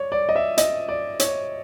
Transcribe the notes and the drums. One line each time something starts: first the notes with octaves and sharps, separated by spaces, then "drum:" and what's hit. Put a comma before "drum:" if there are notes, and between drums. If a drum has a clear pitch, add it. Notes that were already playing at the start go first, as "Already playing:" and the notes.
Already playing: C#5 D5
D5
D#5
E5
D#5, drum: hi-hat
D5
C#5, drum: hi-hat